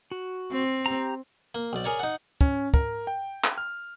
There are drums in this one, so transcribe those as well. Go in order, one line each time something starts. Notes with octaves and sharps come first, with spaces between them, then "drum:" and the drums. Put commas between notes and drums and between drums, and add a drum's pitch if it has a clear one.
F#4
C4
G4 A#5
A#3
B1 D5
G#4 A#4 C#5 D5
D#4 F#5
C#4, drum: kick
A#4, drum: kick
G5
drum: clap
F6